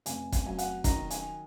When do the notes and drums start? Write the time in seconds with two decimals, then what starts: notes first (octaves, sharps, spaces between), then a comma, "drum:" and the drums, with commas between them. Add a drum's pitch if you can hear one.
0.06 F1 G#5, drum: hi-hat
0.32 G#5, drum: kick F1, hi-hat
0.46 F#3 G#5
0.58 F#5, drum: hi-hat
0.84 D#3 A#5, drum: kick F1, hi-hat
1.10 G#5, drum: hi-hat